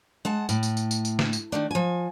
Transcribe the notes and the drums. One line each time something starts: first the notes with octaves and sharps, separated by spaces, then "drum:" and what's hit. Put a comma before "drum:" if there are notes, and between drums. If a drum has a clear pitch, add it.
G#3 F#5 A5
A2, drum: tambourine
drum: tambourine
drum: tambourine
drum: tambourine
drum: tambourine
drum: snare
drum: tambourine
D#3 A3 D4
F3 G#5